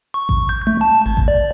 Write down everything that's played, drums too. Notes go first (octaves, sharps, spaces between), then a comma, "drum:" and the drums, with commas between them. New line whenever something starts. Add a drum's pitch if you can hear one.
C#6
drum: kick A1
G6
A3
A5
G#1
drum: kick A1
D5